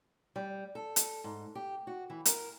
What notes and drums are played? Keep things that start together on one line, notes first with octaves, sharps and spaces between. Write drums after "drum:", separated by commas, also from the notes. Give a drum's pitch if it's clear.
G3
A4
drum: hi-hat
G#2
G4
F#4
E3
A#4, drum: hi-hat